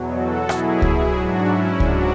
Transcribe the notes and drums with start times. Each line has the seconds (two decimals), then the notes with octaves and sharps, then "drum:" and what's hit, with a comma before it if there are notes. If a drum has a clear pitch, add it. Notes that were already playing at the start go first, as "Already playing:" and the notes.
Already playing: E2 B2 F#3
0.16 F#4 A4
0.49 B2 F#3 E4 G#4, drum: rim click
0.82 drum: kick C#2
1.15 G#2 F#3 D4 F#4
1.47 C#4 E4
1.80 G#2 F#3 D4 F#4, drum: kick C#2